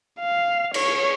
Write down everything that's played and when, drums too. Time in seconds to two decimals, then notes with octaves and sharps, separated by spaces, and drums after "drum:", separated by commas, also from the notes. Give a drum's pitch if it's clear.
0.20 F5
0.74 C#5, drum: cymbal